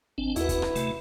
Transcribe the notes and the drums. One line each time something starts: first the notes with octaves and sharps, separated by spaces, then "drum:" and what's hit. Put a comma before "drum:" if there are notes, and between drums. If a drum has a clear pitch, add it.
G#1 C4 D4
D#2 E4 F#4 B4 F#5, drum: hi-hat
drum: kick, hi-hat
drum: rim click
C3 A3, drum: hi-hat